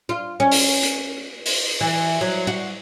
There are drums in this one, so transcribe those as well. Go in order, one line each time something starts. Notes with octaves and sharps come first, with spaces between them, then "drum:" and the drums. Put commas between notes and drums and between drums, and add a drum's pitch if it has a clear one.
F4
C#4
drum: open hi-hat
drum: hi-hat
drum: open hi-hat
E3
F#3
F#4